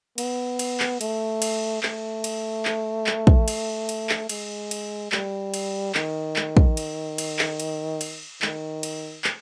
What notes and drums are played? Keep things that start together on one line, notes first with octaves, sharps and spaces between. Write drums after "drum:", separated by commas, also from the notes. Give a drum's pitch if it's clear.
B3, drum: cymbal
drum: cymbal
drum: clap
A3, drum: cymbal
drum: cymbal
A3, drum: clap
drum: cymbal
drum: clap
drum: clap
drum: kick
drum: cymbal
drum: cymbal
drum: clap
G#3, drum: cymbal
drum: cymbal
G3, drum: clap
drum: cymbal
D#3, drum: clap
drum: clap
drum: kick
drum: cymbal
drum: cymbal
drum: clap
drum: cymbal
drum: cymbal
D#3, drum: clap
drum: cymbal
drum: clap